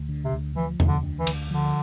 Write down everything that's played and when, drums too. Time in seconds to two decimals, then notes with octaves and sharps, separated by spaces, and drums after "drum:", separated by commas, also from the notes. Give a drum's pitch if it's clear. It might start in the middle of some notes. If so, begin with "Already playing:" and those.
Already playing: D2
0.09 D3
0.24 C3
0.32 D2
0.56 E3 F3
0.80 D2, drum: tom E2
0.87 D3
1.03 D3
1.19 E3
1.27 D2, drum: cymbal
1.51 D3 F3